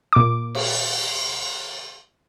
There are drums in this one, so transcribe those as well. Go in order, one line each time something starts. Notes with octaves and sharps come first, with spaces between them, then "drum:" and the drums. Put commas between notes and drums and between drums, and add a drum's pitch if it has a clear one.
A#2 D6
drum: cymbal